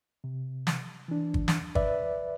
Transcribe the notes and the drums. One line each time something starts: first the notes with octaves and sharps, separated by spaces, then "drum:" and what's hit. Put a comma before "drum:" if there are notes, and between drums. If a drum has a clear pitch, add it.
C3
drum: snare
E3 D4
drum: kick
drum: snare
B4 D5 E5, drum: kick